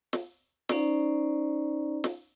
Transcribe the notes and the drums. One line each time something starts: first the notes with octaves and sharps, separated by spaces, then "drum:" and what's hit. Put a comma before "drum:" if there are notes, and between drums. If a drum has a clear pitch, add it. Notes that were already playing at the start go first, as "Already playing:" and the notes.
drum: snare
C#4 D#4 C5 D5 A#5, drum: snare
drum: snare